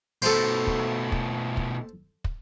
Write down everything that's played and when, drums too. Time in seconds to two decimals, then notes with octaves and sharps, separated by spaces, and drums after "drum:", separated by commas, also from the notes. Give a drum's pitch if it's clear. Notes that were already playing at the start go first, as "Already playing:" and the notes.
0.22 B2 A3 A4 C5
0.67 drum: kick
1.12 drum: kick
1.57 drum: kick
2.24 drum: kick